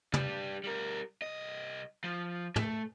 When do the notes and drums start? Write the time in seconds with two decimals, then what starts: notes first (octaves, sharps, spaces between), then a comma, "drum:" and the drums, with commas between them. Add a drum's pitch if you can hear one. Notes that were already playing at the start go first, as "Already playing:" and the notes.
0.14 G3 D4, drum: tom
0.64 G3 A#4
1.22 C2 D#5
2.04 F3
2.56 A3, drum: tom